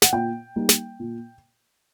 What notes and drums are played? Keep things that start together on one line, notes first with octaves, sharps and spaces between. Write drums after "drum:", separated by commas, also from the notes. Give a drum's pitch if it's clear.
F#5, drum: snare
A#2 G5
G3 A#3 D#4
drum: snare
A#2